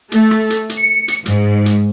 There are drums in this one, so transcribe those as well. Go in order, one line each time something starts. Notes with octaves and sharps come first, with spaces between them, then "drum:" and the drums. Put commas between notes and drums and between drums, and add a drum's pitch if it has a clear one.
A3, drum: hi-hat
drum: rim click
drum: hi-hat
drum: hi-hat
C#7
drum: hi-hat
G#2, drum: hi-hat
drum: hi-hat